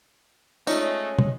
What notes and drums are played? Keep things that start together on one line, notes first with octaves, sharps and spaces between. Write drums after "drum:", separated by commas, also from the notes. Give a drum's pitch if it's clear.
G#3 A3 C#4 D#4 F4 C#5 D5, drum: tambourine
drum: tom